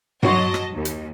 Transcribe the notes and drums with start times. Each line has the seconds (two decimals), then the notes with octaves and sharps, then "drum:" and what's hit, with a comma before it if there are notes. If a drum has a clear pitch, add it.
0.23 F#3 F#4 C#5 D#5 A5 C6, drum: tom G2
0.54 drum: rim click
0.73 D#2
0.85 drum: hi-hat